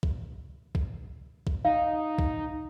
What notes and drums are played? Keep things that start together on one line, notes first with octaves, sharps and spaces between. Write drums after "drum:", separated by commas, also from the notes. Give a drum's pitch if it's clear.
drum: kick B1
drum: kick B1
drum: kick B1
D#4 F5
drum: kick B1